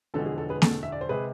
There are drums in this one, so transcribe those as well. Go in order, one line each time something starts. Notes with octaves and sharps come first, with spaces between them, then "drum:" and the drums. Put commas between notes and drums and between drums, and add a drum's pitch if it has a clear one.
E1 E2 D3 F3 G#3 A4
G#4
A4
G#4 B4
A4, drum: snare A#3
E5
D5
C5
C3 G#3 G#4 B4